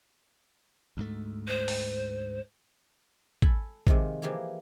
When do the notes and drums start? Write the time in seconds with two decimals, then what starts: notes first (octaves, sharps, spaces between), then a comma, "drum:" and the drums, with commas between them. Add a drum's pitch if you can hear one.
0.97 D2 G#2 A3
1.48 C5
1.68 drum: open hi-hat
3.42 A4 G#5 B5, drum: kick
3.87 C3 D#3 F3 G#3, drum: kick
4.22 E3 F3 A#3 G4 G#4